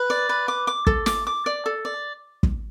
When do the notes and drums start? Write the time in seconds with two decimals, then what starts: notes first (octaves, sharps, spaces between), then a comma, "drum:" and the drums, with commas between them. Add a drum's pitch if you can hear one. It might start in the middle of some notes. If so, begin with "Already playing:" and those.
Already playing: B4
0.10 D5
0.29 B4
0.48 D6
0.67 D6
0.87 A4, drum: kick
1.06 D6, drum: snare
1.27 D6
1.46 D5
1.66 A4
1.85 D5
2.43 drum: kick